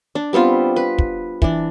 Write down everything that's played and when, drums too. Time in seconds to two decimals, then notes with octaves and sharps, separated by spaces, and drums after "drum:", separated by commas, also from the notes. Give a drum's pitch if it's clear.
0.15 D4
0.33 G3 B3 C4 F4
0.76 B4
0.98 drum: kick
1.42 E3 D4, drum: kick